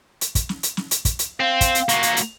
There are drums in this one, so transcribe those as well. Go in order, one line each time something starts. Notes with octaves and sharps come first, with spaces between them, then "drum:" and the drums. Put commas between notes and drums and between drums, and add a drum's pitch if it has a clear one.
drum: hi-hat
drum: kick, hi-hat
drum: snare
drum: hi-hat
drum: snare
drum: hi-hat
drum: kick, hi-hat
drum: hi-hat
C4 F5
drum: kick, hi-hat
drum: hi-hat
A#3 F#4, drum: hi-hat
drum: hi-hat
drum: hi-hat